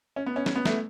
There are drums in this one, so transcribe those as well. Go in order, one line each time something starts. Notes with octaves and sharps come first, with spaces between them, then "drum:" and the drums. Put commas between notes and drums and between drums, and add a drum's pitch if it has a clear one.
C#4
B3
C#4
C#4, drum: snare
B3
A3, drum: snare